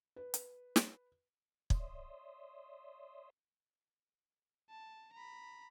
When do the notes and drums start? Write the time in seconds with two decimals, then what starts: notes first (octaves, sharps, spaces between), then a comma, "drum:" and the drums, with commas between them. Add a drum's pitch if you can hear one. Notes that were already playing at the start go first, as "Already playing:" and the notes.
0.16 B4
0.34 drum: hi-hat
0.76 drum: snare
1.70 C#5 D5 E5 C6 D#6 E6, drum: kick
4.70 A5
5.13 A#5 B5